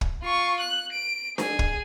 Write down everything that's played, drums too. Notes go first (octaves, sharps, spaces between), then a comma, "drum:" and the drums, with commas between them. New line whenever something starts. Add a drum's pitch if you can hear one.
drum: kick
F4 C#6
F#6
D7
G#4, drum: snare D4
drum: kick